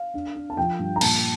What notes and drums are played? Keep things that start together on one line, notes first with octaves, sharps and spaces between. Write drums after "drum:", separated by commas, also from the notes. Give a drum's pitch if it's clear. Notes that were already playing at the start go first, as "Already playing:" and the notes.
Already playing: F5
D4
D4
A5
F3 G5
G2
A#5
A#2 A5, drum: cymbal